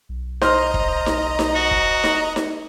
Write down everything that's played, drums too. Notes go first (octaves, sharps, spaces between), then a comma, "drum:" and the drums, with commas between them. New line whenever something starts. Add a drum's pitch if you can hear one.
B1
C5 D#5 A#5 C6 F6, drum: snare D#4
drum: kick
drum: snare D#4
drum: snare D#4
F#4
drum: kick
drum: snare D#4
drum: snare D#4